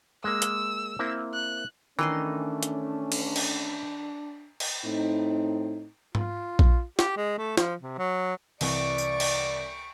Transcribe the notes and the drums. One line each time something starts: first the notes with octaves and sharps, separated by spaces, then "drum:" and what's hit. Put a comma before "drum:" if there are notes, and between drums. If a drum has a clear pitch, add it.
G#3 A#3 E6
drum: hi-hat
A#3 C4 E4
F#6
D#3 E3 A3 C#4 D4 D#5 C6
drum: hi-hat
drum: cymbal
drum: cymbal
drum: cymbal
A2 C4 D#4
F4, drum: tom G#2
drum: kick A#1
G4, drum: snare
G#3
A3
F3, drum: snare
C3
F#3
C2 E3 D5 C#6 D7, drum: cymbal
drum: tambourine
drum: cymbal